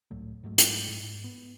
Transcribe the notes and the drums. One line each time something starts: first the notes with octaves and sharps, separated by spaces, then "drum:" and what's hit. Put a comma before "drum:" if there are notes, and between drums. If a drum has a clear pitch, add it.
C#2 A2 F#3 A3
G#2 F#3 G#3 A3
drum: hi-hat
G#2
B3